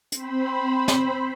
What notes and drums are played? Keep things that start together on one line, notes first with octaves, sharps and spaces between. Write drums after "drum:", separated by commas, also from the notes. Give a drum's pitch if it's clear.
C4 C5 B5, drum: hi-hat
drum: snare